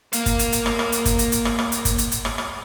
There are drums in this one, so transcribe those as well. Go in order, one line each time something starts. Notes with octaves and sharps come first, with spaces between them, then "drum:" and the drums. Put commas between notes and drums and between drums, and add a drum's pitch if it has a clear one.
A#3 F5, drum: hi-hat
drum: kick G1, hi-hat
drum: hi-hat
drum: hi-hat
drum: rim click
drum: rim click
drum: hi-hat
drum: kick G1, hi-hat
drum: hi-hat
drum: hi-hat
drum: rim click
drum: rim click
drum: hi-hat
drum: kick G1, hi-hat
drum: hi-hat
drum: hi-hat
drum: rim click
drum: rim click